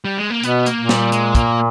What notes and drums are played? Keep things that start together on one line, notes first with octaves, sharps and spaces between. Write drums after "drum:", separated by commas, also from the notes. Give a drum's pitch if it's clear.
G3
G#3
A#3
B2 B3, drum: hi-hat
A#3, drum: hi-hat
A#2
G3, drum: snare
G#3, drum: hi-hat
A#3, drum: kick, hi-hat